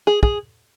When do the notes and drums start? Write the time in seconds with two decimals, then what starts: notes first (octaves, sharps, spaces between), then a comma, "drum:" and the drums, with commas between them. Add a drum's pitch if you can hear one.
0.07 G#4
0.23 G#4, drum: kick